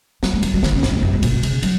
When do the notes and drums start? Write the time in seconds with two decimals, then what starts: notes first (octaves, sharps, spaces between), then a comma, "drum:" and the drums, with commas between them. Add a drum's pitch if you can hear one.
0.23 F#3, drum: snare
0.33 G#3
0.43 F#3, drum: cymbal
0.54 F#3
0.63 D#3, drum: snare
0.73 C#3
0.83 G#2, drum: snare
0.93 G#2
1.03 F#2
1.13 G#2
1.23 A#2, drum: cymbal
1.33 B2
1.43 C#3, drum: cymbal
1.63 F#3, drum: cymbal